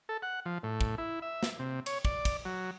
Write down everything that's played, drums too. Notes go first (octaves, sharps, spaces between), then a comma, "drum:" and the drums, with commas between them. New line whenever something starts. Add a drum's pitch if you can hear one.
A4
F#5
F3
A2
drum: kick
E4
E5
drum: snare
C3
C#5, drum: cymbal
D5, drum: kick
drum: kick, cymbal
F#3